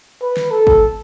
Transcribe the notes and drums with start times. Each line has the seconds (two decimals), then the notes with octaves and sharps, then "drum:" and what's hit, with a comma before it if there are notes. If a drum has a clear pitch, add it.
0.22 B4
0.37 drum: snare
0.51 A4
0.67 drum: kick